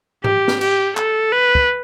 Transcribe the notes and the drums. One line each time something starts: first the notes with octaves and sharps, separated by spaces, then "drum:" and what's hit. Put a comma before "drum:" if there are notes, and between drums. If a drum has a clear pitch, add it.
G4, drum: tom G#2
drum: snare
G4, drum: cymbal
A4, drum: clap
B4
drum: kick